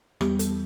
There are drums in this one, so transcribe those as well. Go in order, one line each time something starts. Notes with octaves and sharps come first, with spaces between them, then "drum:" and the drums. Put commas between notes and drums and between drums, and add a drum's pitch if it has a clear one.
E2 E3 G3 B3 G4, drum: rim click
A4, drum: hi-hat